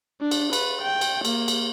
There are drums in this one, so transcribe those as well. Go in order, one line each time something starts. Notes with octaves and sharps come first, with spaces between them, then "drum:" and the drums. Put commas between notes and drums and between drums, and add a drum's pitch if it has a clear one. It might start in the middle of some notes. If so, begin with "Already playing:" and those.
D4
drum: cymbal
B4, drum: cymbal
G5
drum: cymbal
A#3, drum: cymbal
drum: cymbal